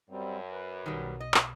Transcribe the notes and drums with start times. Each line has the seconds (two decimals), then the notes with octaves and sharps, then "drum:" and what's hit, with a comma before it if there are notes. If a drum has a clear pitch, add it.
0.10 F#2 G3 C4
0.52 B4
0.86 B1 D#3 G3
1.20 D#5
1.34 drum: clap